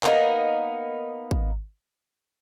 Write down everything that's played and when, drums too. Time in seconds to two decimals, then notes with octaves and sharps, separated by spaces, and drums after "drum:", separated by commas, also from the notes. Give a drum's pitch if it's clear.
0.04 A#3 B3 D#4 A#4, drum: clap
1.31 drum: kick G#1